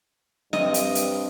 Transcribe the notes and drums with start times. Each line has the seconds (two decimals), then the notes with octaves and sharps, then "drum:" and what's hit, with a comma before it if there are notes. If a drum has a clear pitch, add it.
0.53 G2 C4 D#5, drum: snare C4
0.74 drum: hi-hat
0.95 drum: hi-hat